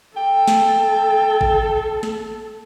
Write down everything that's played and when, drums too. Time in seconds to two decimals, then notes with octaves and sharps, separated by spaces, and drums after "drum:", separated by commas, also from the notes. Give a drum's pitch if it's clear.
0.16 A4 G5
0.48 drum: snare
1.41 drum: kick G#1
2.03 drum: snare